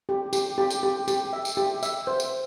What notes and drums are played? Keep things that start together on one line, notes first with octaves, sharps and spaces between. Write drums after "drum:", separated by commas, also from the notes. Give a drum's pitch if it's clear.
G4
G4, drum: tambourine
G4
drum: tambourine
G4
G4, drum: tambourine
E5
drum: tambourine
G4
E5, drum: tambourine
C5
drum: tambourine